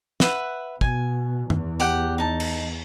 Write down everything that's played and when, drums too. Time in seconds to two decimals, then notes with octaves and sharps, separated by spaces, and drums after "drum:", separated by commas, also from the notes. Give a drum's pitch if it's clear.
0.20 B4 E5 F#5, drum: snare
0.81 B2 G#5, drum: kick
1.50 E2, drum: tom F#2
1.80 G4 F#5 G5, drum: tambourine
2.18 D#4 A5
2.40 drum: cymbal